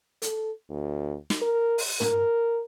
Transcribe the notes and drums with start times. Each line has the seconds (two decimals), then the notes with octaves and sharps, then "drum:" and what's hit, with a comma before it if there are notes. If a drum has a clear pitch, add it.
0.22 A4, drum: hi-hat
0.70 D2
1.30 drum: snare
1.42 A#4
1.78 drum: open hi-hat
2.01 A#4, drum: tom